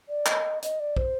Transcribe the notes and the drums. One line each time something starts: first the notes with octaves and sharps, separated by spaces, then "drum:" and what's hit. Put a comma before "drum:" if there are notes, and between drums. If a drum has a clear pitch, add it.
D5
D#5, drum: clap
D#5, drum: hi-hat
D5
C5, drum: kick